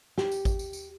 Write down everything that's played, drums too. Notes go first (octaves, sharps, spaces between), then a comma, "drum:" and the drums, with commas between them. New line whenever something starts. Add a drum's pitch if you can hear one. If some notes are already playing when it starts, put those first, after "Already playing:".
G4, drum: snare
drum: tambourine
drum: kick G#1, tambourine
drum: tambourine
drum: tambourine